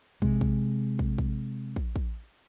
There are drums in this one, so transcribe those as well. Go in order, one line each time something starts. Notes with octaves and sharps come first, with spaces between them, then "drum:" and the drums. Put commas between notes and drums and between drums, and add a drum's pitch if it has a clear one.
C3 G#3, drum: kick
drum: kick
drum: kick
drum: kick
drum: kick
drum: kick